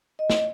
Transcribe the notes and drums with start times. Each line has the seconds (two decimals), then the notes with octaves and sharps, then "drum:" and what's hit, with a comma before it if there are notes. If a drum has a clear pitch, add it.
0.19 D#5
0.30 drum: snare